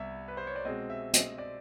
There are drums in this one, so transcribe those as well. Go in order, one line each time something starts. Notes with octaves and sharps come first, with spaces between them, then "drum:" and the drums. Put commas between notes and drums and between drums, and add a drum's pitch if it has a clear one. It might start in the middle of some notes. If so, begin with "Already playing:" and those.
Already playing: C2 B3 E5
B4
C5
C#5
D5
B2 G#3 C4 D#5
E5
D#5, drum: hi-hat
D5